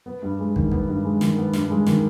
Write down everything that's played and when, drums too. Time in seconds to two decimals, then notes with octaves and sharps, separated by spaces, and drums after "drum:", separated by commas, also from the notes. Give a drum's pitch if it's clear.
0.06 B3
0.23 G2
0.39 G#3
0.56 D#3, drum: kick
0.72 B3, drum: kick
0.88 G2
1.05 G#3
1.21 D#3, drum: snare
1.38 B3
1.53 G2, drum: snare
1.70 G#3
1.86 D#3, drum: snare